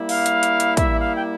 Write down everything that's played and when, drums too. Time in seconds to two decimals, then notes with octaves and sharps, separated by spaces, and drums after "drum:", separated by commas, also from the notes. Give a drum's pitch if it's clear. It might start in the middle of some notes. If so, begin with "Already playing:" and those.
Already playing: G3 A#3 E4
0.09 F5, drum: open hi-hat
0.26 drum: hi-hat
0.43 drum: hi-hat
0.60 drum: hi-hat
0.77 E5, drum: kick, hi-hat
1.00 F5
1.16 G5